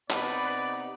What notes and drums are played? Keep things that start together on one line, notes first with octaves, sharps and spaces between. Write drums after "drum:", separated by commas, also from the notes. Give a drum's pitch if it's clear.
C3 B3 D#4 B4 D5 B5, drum: clap